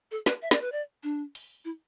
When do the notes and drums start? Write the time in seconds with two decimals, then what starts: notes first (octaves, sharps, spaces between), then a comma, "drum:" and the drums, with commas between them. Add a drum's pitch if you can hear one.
0.11 A4
0.26 B4, drum: snare
0.42 E5
0.51 D5, drum: snare
0.62 B4
0.72 D5
1.03 D4
1.35 drum: open hi-hat
1.65 E4